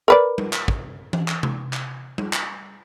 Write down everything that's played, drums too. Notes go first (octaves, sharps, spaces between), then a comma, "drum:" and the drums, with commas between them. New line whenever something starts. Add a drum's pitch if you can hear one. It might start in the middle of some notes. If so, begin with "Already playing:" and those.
A#4 B4 D5
drum: tom G3
drum: clap
drum: kick
drum: tom E3
drum: clap
drum: tom C3
drum: clap
drum: tom G3
drum: clap